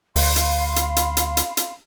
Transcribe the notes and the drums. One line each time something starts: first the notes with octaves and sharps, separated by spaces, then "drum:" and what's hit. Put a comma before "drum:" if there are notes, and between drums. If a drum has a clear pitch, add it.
D2 F5 B5 C6, drum: open hi-hat
drum: hi-hat
drum: hi-hat
drum: hi-hat
drum: hi-hat
drum: hi-hat
drum: hi-hat